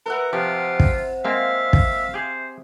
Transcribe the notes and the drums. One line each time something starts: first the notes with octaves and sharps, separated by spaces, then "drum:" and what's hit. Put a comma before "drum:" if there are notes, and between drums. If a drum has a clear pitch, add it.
A#4 B4 E5 F#5
C3 F3 F4 G4
drum: kick
G#3 A#3 C4 E5 F5
drum: kick
G4 G#4 C5